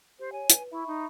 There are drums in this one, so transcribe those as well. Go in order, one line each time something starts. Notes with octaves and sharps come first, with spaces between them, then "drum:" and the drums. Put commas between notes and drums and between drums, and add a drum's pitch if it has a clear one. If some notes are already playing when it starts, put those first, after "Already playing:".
G4 C5
C#5 G#5
B4, drum: hi-hat
E4 E5 B5 C#6
D#4